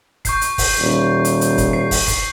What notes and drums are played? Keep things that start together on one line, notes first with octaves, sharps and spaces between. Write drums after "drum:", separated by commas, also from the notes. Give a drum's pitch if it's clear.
C#6 G6 C7, drum: kick, hi-hat
drum: hi-hat
drum: kick, open hi-hat
D#1
drum: hi-hat
drum: hi-hat
drum: kick, hi-hat
C7
drum: kick, open hi-hat
drum: kick, hi-hat